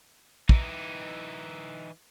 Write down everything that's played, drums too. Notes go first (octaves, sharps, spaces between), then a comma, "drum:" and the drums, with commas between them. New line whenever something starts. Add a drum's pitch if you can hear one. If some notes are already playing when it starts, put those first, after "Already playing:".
E3 D#4, drum: kick